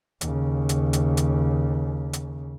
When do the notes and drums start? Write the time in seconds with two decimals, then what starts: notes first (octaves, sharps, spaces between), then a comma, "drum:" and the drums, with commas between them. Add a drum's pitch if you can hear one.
0.21 D#2 C#3, drum: hi-hat
0.69 drum: hi-hat
0.93 drum: hi-hat
1.17 drum: hi-hat
2.13 drum: hi-hat